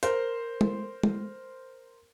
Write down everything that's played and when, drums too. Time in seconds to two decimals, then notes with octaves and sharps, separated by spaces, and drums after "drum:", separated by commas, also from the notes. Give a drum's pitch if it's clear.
0.03 A#4 C5, drum: hi-hat
0.61 drum: tom G#3
1.03 drum: tom G#3